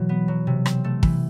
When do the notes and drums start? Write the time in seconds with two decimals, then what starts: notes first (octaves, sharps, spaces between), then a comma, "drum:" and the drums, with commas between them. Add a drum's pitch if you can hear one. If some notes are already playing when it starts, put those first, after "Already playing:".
Already playing: B2 E3 F#3
0.09 B3
0.28 F#3
0.47 C3
0.66 C4, drum: rim click
0.84 A3
1.03 E3, drum: kick